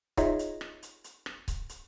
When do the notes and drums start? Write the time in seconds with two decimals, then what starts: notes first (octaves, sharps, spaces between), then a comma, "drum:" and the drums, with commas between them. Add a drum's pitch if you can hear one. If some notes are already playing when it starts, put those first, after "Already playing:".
0.17 D#4 F4 G#4 C#5 D#5 E5, drum: kick C#1, hi-hat
0.39 drum: hi-hat
0.61 drum: rim click
0.83 drum: hi-hat
1.04 drum: hi-hat
1.26 drum: rim click
1.48 drum: kick C#1, hi-hat
1.69 drum: hi-hat